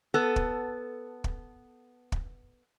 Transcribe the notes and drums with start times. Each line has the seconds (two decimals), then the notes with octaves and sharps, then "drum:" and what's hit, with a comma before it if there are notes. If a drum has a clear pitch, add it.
0.14 B3 A4
0.36 drum: kick
1.24 drum: kick
2.12 drum: kick